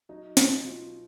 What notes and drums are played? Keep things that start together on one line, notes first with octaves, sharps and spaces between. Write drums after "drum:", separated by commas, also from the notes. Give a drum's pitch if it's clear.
F#3 D#4
B2 D#4, drum: snare
F#3 F4